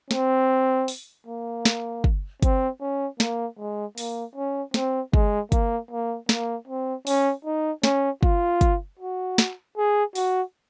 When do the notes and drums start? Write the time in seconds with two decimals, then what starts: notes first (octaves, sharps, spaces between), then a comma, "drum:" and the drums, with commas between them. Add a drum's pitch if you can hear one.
0.11 C4, drum: snare
0.88 drum: open hi-hat
1.27 A#3
1.65 drum: snare
2.04 drum: kick
2.42 C4, drum: kick, hi-hat
2.81 C#4
3.20 A#3, drum: snare
3.59 G#3
3.98 A#3, drum: open hi-hat
4.36 C#4
4.74 C4, drum: snare
5.13 G#3, drum: kick
5.52 A#3, drum: kick, hi-hat
5.91 A#3
6.29 A#3, drum: snare
6.68 C4
7.07 C#4, drum: open hi-hat
7.45 D#4
7.84 C#4, drum: snare
8.23 F4, drum: kick
8.61 drum: kick, hi-hat
9.00 F#4
9.38 drum: snare
9.78 G#4
10.15 F#4, drum: open hi-hat